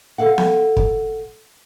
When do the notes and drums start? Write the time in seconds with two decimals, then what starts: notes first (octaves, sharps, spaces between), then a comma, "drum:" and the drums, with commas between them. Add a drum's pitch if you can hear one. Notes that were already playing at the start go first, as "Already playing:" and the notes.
0.18 A4 F5 F#5
0.38 drum: snare B3
0.77 drum: kick